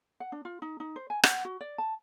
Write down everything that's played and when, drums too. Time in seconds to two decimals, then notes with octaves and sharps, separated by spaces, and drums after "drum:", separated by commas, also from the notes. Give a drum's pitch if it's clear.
0.20 F#5
0.32 D4
0.45 F4
0.62 D#4
0.80 D#4
0.96 C5
1.10 G#5
1.23 F#5, drum: rim click
1.45 F#4
1.61 D5
1.78 A5